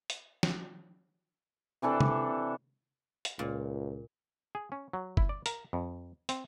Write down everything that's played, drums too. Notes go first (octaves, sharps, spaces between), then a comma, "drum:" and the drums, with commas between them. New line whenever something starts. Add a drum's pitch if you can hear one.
drum: hi-hat
drum: snare
C3 E3 D4 A4
drum: tom C3
drum: hi-hat
C#2 A#2
G#4
C#4
F#3
E4, drum: kick F#1
D5
A#4, drum: hi-hat
F2
C4, drum: hi-hat